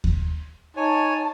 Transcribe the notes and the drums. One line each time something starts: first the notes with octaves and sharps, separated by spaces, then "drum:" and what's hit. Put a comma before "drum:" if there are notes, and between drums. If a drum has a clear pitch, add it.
drum: kick D#2
D#4 C#5 G#5 A5